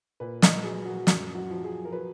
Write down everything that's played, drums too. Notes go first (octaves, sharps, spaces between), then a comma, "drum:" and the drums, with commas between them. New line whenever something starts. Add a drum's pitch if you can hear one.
A#2 B4
D#5, drum: snare
F#3 G#4
F#4
F#2, drum: snare
F#4
F3
G#4
A#4
F#3 B4